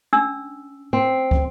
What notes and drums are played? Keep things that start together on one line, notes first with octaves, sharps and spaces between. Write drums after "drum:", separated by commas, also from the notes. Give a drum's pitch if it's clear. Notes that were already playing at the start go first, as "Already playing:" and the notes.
C#4 D4 E6
C4
drum: kick